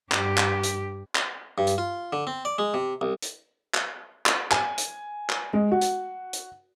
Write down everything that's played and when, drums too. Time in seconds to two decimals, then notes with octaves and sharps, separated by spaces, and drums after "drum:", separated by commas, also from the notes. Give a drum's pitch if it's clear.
0.12 G2 G4, drum: clap
0.38 drum: clap
0.63 drum: hi-hat
1.15 drum: clap
1.58 G2
1.67 drum: hi-hat
1.78 F4
2.13 D3
2.27 C4
2.45 D5
2.58 G#3
2.74 C3
3.01 C2
3.22 drum: hi-hat
3.74 drum: clap
4.26 drum: clap
4.51 G#5, drum: clap
4.78 drum: hi-hat
5.30 drum: clap
5.53 G#3
5.72 F#4
5.81 drum: hi-hat
6.33 drum: hi-hat